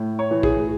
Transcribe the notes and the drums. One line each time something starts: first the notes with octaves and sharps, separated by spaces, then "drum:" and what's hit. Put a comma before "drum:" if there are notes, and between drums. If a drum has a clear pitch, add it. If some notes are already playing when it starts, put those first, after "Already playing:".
Already playing: A2
C#5
E3
G#4, drum: kick